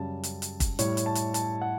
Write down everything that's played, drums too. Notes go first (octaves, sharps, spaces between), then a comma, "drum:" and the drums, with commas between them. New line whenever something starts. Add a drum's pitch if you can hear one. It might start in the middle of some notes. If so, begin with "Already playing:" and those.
Already playing: F#2 C#3 G3 A5
drum: hi-hat
drum: hi-hat
drum: kick, hi-hat
A2 G3 C#5, drum: hi-hat
drum: hi-hat
A5
drum: hi-hat
A5, drum: hi-hat
F#5